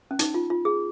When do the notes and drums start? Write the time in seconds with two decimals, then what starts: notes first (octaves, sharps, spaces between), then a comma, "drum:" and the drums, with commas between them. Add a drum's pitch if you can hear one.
0.11 C#4
0.19 D#4, drum: hi-hat
0.34 F4
0.50 F4
0.65 G#4